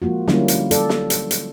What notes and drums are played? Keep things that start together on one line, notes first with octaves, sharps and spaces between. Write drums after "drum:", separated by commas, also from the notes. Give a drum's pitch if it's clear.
F3 G#3 A#3 F4 F#4
D3 F#3 G3 A#3 C#4 E4, drum: snare
drum: hi-hat
A4 D5, drum: hi-hat
drum: snare
drum: hi-hat
drum: hi-hat